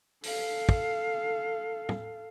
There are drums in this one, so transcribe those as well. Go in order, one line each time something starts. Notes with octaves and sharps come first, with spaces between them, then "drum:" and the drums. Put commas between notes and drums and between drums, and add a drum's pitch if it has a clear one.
A4 F5, drum: open hi-hat
drum: kick
drum: tom